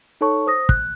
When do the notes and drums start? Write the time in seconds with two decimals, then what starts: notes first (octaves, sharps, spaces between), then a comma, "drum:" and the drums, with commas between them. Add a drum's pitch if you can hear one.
0.21 D#4 A4 C#5 A5 C#6
0.47 C5 D#6 A#6
0.69 F#6, drum: kick